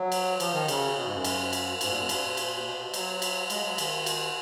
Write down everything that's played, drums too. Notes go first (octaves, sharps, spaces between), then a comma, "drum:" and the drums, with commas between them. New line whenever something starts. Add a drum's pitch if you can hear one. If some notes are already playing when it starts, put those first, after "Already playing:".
Already playing: F#3
drum: cymbal
F3, drum: cymbal
D#3
C#3, drum: cymbal
B2
G#2
F#2
drum: cymbal
drum: cymbal
G#2, drum: cymbal
A#2
F#2
A#2, drum: cymbal
drum: cymbal
B2
F#3, drum: cymbal
drum: cymbal
G#3, drum: cymbal
F#3
D#3, drum: cymbal
drum: cymbal